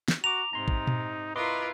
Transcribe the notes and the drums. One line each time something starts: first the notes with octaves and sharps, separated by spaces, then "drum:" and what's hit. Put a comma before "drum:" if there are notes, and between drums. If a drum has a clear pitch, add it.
drum: snare
F#4 A#5 D6 F7
G#2 C3 D#4 A#5 C6
drum: kick A#1
drum: tom A#2
E4 F4 A#4 B4 D#5 C6 D6